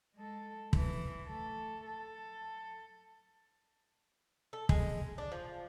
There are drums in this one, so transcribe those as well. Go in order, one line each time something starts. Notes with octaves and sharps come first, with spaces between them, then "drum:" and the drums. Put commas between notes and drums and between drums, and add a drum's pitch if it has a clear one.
G#3 A4
E3, drum: kick
A3 A4
A4
A4
G#3, drum: kick
D4
F3